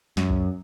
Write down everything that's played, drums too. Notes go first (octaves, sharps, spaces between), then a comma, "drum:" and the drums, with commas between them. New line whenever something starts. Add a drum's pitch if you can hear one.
F#2, drum: snare
drum: kick